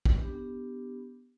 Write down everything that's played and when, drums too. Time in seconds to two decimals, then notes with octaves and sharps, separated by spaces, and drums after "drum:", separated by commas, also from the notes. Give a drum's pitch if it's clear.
0.05 drum: kick
0.20 B3 D4 G4